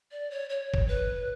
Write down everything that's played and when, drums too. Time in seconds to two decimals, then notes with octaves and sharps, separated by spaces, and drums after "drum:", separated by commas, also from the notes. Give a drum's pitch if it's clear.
0.12 D5
0.31 C#5
0.50 C#5
0.74 drum: kick
0.88 B4